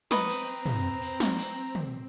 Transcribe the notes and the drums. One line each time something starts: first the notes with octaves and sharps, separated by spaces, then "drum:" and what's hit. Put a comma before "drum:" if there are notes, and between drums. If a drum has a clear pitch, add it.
C4 B4 D#5 A#5 C#6, drum: snare
drum: cymbal
drum: tom
drum: cymbal
drum: snare
drum: cymbal
drum: tom